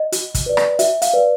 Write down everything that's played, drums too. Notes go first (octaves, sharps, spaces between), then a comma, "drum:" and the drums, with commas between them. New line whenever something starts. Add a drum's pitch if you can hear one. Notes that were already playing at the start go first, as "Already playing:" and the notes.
Already playing: D#5
F#4, drum: hi-hat
drum: kick, hi-hat
B4 D5
drum: rim click
F#4 E5, drum: hi-hat
F5, drum: hi-hat
B4 D5